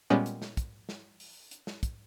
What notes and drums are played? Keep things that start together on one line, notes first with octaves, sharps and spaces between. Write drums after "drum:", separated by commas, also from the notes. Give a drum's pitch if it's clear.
A#2 G3 G#3 B3 C#4
drum: hi-hat
drum: snare
drum: kick, hi-hat
drum: snare
drum: open hi-hat
drum: hi-hat
drum: snare
drum: kick, hi-hat